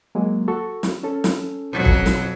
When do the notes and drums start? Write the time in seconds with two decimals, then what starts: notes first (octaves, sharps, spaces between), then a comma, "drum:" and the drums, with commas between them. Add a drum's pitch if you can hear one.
0.15 F#3 G#3 A#3
0.48 F#4 A4 C#6
0.83 drum: snare
1.03 C#4 A4
1.24 drum: snare
1.72 F2 B2 F#3
1.85 drum: kick
2.06 drum: snare